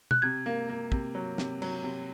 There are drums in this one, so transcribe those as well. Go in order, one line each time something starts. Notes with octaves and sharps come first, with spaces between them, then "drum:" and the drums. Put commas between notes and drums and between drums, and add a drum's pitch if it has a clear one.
F#6, drum: tom B2
C3 G#6
A#3
A#3
C3, drum: kick
F#3
C3, drum: snare
F#3, drum: cymbal
C3